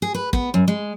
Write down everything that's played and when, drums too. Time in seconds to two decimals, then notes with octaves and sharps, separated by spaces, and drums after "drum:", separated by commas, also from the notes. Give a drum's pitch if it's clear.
0.02 G#4
0.14 B4
0.33 B3, drum: kick
0.54 F#2
0.68 G#3